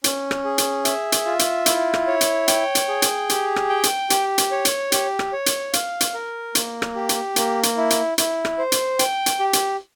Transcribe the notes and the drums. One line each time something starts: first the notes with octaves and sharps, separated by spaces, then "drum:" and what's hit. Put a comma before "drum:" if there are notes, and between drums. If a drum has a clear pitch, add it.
C#4, drum: hi-hat
drum: rim click
G#4
drum: hi-hat
E5, drum: hi-hat
drum: hi-hat
F4
drum: hi-hat
E4, drum: hi-hat
drum: rim click
C#5
drum: hi-hat
G5, drum: hi-hat
drum: hi-hat
G#4
drum: hi-hat
G4, drum: hi-hat
drum: rim click
G5
drum: hi-hat
G4, drum: hi-hat
drum: hi-hat
C#5
drum: hi-hat
G4, drum: hi-hat
drum: rim click
C#5
drum: hi-hat
F5, drum: hi-hat
drum: hi-hat
A#4
A#3, drum: hi-hat
drum: rim click
G4
drum: hi-hat
A#3, drum: hi-hat
drum: hi-hat
E4
drum: hi-hat
E4, drum: hi-hat
drum: rim click
C5
drum: hi-hat
G5, drum: hi-hat
drum: hi-hat
G4
drum: hi-hat